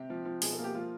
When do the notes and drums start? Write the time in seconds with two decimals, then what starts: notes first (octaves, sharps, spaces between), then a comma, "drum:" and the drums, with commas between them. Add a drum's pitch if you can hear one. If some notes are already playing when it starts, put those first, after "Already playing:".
Already playing: C3 G4
0.10 F3
0.25 F3
0.42 B2 G#4, drum: open hi-hat
0.53 A4
0.58 A#3
0.64 G4
0.75 F3 F4